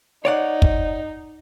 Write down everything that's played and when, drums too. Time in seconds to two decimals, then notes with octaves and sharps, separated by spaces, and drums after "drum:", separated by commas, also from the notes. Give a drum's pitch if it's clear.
0.25 D#4 C#5 D5 F#5
0.62 drum: kick